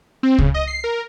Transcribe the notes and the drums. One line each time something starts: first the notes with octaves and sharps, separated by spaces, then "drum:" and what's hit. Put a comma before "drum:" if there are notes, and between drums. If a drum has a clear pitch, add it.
C4
C#3, drum: kick C#2
D#5
C7
A#4